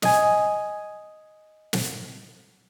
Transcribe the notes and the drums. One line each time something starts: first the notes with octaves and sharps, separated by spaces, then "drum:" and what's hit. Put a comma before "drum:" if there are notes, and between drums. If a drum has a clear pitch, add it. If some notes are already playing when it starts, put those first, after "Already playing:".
D#5 G#5, drum: snare
drum: snare